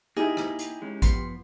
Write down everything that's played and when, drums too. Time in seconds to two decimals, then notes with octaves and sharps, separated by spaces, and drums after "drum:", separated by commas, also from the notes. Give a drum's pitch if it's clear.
0.17 A#3 D#4 E4 G4 G#4
0.37 drum: rim click
0.59 drum: hi-hat
0.82 G#3 C#4
1.02 F3 B3 C6, drum: kick A1, hi-hat